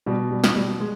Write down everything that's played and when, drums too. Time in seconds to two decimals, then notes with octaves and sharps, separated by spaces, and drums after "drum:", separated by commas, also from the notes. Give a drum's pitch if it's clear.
0.06 B2 G3
0.31 G3
0.44 B2, drum: snare
0.56 G3
0.80 G#3